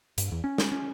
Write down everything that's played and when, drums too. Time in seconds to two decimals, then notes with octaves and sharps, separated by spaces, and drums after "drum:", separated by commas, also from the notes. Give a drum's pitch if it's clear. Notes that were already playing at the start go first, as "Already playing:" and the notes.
0.18 G2, drum: hi-hat
0.32 E2
0.44 C#4
0.58 drum: snare
0.72 C#4